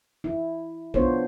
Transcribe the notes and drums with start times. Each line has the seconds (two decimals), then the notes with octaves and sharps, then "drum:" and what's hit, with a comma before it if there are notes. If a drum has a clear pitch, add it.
0.24 E4
0.94 B3 D4 F4 C5 C#5, drum: kick